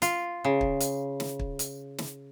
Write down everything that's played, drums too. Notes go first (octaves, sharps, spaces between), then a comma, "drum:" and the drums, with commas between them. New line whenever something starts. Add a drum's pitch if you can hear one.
F4, drum: hi-hat
C#3
drum: kick
drum: hi-hat
drum: snare
drum: kick
drum: hi-hat
drum: snare